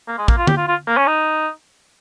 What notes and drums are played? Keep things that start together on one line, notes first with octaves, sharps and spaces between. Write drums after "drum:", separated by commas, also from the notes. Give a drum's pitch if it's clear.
A#3
G#3
A#3, drum: kick
F4
G4, drum: tom
F4
F4
A#3
C#4
D#4